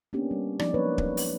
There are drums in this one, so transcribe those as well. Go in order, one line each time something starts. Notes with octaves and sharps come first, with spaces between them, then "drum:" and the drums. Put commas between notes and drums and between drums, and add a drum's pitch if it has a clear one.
A#3 B3 C#4 D4 G4
G3
F3 G#3 B3 D#4 D5, drum: rim click
F#3 A#3 D4 B4 C#5
drum: kick
drum: open hi-hat